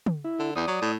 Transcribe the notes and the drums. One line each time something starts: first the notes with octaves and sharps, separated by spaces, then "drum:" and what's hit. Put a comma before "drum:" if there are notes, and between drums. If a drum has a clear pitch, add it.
drum: tom
E4
D3
E2 D5 D#6
F#3
A2